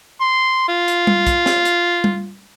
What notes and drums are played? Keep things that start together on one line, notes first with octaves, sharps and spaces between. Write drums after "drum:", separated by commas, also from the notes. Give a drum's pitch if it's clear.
C6
F4
drum: hi-hat
drum: tom G3
drum: kick, hi-hat
drum: snare
drum: hi-hat
drum: tom G3